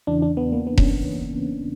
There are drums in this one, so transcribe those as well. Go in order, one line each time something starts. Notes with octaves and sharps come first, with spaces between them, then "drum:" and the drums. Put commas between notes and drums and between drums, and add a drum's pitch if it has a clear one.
E2 C#3 E3 D4
D4
B3
A#3
B3
C#4, drum: kick E1